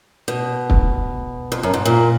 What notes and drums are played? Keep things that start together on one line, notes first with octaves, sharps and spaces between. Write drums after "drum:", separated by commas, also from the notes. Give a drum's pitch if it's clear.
B2
drum: kick
F2
F#2
G#2
A#2